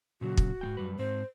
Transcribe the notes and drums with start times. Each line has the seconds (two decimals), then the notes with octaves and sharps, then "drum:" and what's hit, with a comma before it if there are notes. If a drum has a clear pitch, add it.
0.21 A#2 C#3 F#3 F#4
0.37 drum: kick
0.61 G#2 G#3 G5
0.77 F#2 G3 B4
0.99 G#2 C4 C5